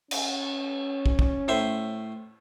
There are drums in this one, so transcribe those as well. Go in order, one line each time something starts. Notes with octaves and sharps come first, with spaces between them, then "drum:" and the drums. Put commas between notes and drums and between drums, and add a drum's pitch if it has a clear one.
C#4, drum: cymbal
drum: kick
drum: kick
A2 C5 E5